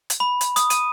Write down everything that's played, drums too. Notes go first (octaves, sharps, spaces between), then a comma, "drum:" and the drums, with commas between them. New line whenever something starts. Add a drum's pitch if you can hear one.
drum: hi-hat
B5
drum: hi-hat
D#6, drum: hi-hat
D#7, drum: hi-hat